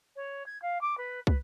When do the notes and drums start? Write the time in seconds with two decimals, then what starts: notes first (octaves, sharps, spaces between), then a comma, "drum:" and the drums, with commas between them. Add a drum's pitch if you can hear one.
0.16 C#5
0.46 G#6
0.62 F5
0.81 D6
0.97 B4
1.27 B4, drum: kick